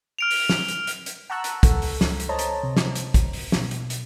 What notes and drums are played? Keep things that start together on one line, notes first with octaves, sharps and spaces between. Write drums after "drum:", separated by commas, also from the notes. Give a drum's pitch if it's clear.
F6 D7 F7
drum: open hi-hat
drum: snare
drum: hi-hat
drum: hi-hat
drum: hi-hat
F#5 A5 A#5 C#6 E6 F#6
drum: hi-hat
C#2 A4, drum: kick, hi-hat
drum: open hi-hat
drum: snare
drum: hi-hat
C5 C#5 D#5 A5 A#5
drum: hi-hat
C3
drum: snare
drum: hi-hat
drum: kick, hi-hat
drum: open hi-hat
B2, drum: snare
drum: hi-hat
drum: hi-hat